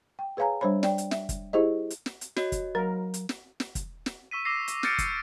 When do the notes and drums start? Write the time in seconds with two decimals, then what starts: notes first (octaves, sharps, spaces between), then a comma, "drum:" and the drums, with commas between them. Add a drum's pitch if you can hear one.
0.19 G5
0.37 G#4 B4 C#5 F5 G#5 A#5
0.61 G3 D4 C5 C#5 B5
0.83 D5 G5, drum: snare
0.98 drum: hi-hat
1.11 E5, drum: snare
1.29 drum: kick, hi-hat
1.53 E4 G4 G#4 C5 D#5
1.90 drum: hi-hat
2.06 drum: snare
2.21 drum: hi-hat
2.37 F#4 C#5 D#5, drum: snare
2.52 drum: kick, hi-hat
2.75 F#3 A#4
3.14 drum: hi-hat
3.29 drum: snare
3.60 drum: snare
3.75 drum: kick, hi-hat
4.06 drum: snare
4.31 C#6 E6 B6 D#7
4.45 D6 E6 A#6 C7
4.68 drum: hi-hat
4.83 F6 G6 A6 C#7 D7, drum: snare
4.98 drum: kick, hi-hat